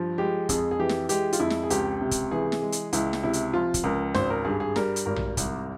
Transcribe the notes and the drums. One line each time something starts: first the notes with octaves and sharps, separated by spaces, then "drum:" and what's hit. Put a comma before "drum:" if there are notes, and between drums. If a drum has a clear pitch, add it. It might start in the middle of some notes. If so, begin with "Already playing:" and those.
Already playing: G2 F3
G#3 G4
F2 G#4, drum: kick, hi-hat
G#4
E3 G4
drum: snare
G#3 G4, drum: hi-hat
F4, drum: hi-hat
F2 E4
drum: snare
G#4
C#2 G4, drum: hi-hat
C3
drum: kick, hi-hat
E3 G#4
drum: snare
G#3
drum: hi-hat
C#2 E4, drum: hi-hat
drum: snare
C3 E4
drum: hi-hat
F3 F4
drum: kick, hi-hat
C#2 A#4
G#1 C5, drum: snare
A#4
G2 G#4
G#4
G3 A#4, drum: snare
drum: hi-hat
G#1 A#4
drum: tom A#1
C2, drum: kick, hi-hat